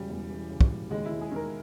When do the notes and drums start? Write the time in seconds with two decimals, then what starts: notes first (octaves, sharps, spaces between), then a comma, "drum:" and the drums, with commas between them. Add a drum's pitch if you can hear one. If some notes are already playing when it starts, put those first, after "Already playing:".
Already playing: E1 C#3 G3
0.10 E2
0.30 E3
0.50 C#3
0.61 drum: kick
0.71 E1
0.91 D#2 G#3
1.06 E4
1.11 D#2
1.21 G#4
1.32 D#3 A#4